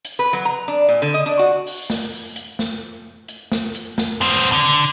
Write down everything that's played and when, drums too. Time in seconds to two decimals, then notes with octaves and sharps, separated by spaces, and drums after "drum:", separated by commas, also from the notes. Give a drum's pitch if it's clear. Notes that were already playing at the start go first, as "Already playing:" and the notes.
0.05 drum: hi-hat
0.19 B4
0.33 F#3
0.45 A#5
0.68 D4
0.89 A#2
1.02 D3
1.14 D#5
1.26 D4
1.39 F#4
1.67 drum: open hi-hat
1.90 drum: snare
2.13 drum: open hi-hat
2.36 drum: hi-hat
2.59 drum: snare
3.28 drum: hi-hat
3.52 drum: snare
3.75 drum: hi-hat
3.98 drum: snare
4.21 B3 C4, drum: hi-hat
4.52 D3
4.67 drum: hi-hat